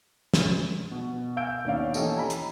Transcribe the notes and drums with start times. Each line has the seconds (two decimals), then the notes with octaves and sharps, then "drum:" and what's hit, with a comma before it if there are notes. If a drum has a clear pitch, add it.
0.34 drum: snare
0.91 B2
1.36 F5 G#5 E6 G6 D7
1.65 D#2 B2 C#4 D5 F5
1.94 E3 A#3 C#4 G4 A4 D#5, drum: tambourine
2.16 G#5 A#5 B5
2.30 drum: hi-hat